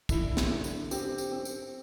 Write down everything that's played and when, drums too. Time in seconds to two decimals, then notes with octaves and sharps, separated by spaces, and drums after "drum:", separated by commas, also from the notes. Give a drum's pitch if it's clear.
0.09 D3 E4, drum: kick, tambourine
0.37 drum: snare
0.51 D3
0.64 drum: tambourine
0.91 C4 G4, drum: tambourine
1.18 drum: tambourine
1.32 C4
1.45 drum: tambourine